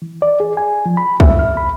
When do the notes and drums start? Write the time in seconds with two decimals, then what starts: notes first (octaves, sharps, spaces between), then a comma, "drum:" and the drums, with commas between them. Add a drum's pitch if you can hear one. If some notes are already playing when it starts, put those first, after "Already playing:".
0.02 E3
0.22 D5
0.40 G#4
0.57 G#5
0.86 F3
0.97 B5
1.20 E5, drum: kick B1
1.39 F6
1.57 B5